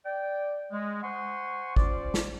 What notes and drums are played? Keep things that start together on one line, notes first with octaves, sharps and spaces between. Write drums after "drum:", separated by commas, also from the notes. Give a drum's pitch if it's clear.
D5 G5
G#3
C5 F#5 G#5 C6 C#6
C#4 F4 C5 D5, drum: kick G#1
drum: snare